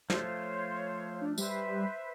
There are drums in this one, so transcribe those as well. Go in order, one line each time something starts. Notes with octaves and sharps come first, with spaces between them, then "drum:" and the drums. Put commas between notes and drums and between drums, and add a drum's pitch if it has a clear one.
F3 A3 C5 C#5 F5, drum: snare
D4
G3 B4 C5 E5, drum: tambourine